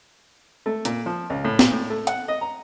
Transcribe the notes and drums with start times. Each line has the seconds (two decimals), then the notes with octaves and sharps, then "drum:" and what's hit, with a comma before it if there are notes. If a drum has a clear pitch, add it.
0.66 A3
0.85 A#2, drum: hi-hat
1.06 F3
1.30 C#2
1.45 A2
1.59 A#2, drum: snare
1.72 A2
1.90 A3
2.07 F#5, drum: hi-hat
2.28 D#5
2.41 A#5